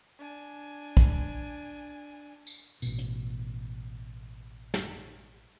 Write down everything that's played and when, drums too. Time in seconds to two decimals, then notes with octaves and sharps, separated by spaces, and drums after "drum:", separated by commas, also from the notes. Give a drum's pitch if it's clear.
0.19 D4 G#5
0.97 drum: kick
2.47 drum: tambourine
2.82 A1 B2, drum: tambourine
2.98 drum: hi-hat
4.74 drum: snare